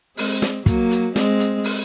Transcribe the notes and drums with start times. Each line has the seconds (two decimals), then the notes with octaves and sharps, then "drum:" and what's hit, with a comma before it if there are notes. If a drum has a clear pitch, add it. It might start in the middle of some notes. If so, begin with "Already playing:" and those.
0.17 G#3 C4, drum: open hi-hat
0.42 drum: snare
0.66 F#3 A#3, drum: kick, hi-hat
0.91 drum: hi-hat
1.16 G#3 C4, drum: snare
1.40 drum: hi-hat
1.64 drum: open hi-hat